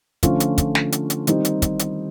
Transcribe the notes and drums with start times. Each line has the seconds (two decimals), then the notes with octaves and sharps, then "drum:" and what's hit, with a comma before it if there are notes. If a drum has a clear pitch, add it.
0.23 D3 F3 A3 C#4 F4, drum: kick, hi-hat
0.40 drum: hi-hat
0.58 drum: kick, hi-hat
0.75 drum: snare
0.92 drum: hi-hat
1.10 drum: hi-hat
1.27 D#3 G3 C4 D#4, drum: hi-hat
1.45 drum: hi-hat
1.62 drum: kick, hi-hat
1.79 drum: hi-hat